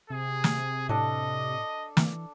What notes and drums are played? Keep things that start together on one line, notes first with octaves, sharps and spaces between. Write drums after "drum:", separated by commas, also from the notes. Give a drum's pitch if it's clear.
C3 G#4
drum: snare
A2 D4 A4 D#5
E3, drum: snare